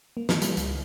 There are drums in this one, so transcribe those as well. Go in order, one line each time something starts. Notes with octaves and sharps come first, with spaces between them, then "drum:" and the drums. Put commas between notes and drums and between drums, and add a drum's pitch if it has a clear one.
A#3
E3, drum: snare
G3, drum: hi-hat
C#2, drum: hi-hat